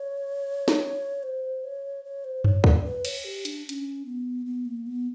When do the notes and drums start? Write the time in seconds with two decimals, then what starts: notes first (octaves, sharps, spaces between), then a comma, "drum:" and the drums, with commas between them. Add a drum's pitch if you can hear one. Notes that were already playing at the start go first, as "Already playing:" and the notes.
Already playing: C#5
0.68 drum: snare
1.23 C5
1.64 C#5
2.04 C#5
2.24 C5
2.44 C#5, drum: tom F#2
2.64 D5, drum: kick
2.84 B4
3.05 C#5, drum: cymbal
3.25 G4
3.45 D4, drum: hi-hat
3.65 D4
3.69 C#4, drum: hi-hat
4.05 B3
4.46 B3
4.65 A#3
4.86 B3